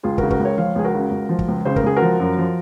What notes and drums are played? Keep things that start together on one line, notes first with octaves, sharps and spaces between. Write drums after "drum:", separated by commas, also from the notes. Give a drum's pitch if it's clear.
C#2 F4 G#4
F#4 A#4, drum: kick
C#3
F#4 A#4, drum: kick
C#2
A#4 C#5
F3 C#5 F5
C#2 G#4
F#4 A#4
C#3
C#2
F3
drum: kick
C#2
C#3 C5
A#4, drum: kick
C#2 G#4
F#4 A#4
F3
F#2
F3